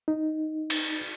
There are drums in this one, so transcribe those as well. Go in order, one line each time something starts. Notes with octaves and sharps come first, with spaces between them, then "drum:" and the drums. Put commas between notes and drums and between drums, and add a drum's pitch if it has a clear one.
D#4
drum: cymbal